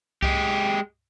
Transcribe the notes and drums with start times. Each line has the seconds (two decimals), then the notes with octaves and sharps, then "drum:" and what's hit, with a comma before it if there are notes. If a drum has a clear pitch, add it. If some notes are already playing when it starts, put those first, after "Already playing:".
0.22 G#3 G4, drum: kick C2